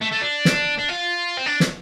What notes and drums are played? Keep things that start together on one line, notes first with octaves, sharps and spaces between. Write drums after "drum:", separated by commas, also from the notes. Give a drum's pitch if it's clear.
A3
A3
D4
drum: snare
D4
F4
C4
D4
drum: snare